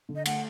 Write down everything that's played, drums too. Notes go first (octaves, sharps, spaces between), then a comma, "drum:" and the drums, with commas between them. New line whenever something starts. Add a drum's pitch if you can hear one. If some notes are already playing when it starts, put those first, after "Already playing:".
D3
D#5
A3 F#5, drum: cymbal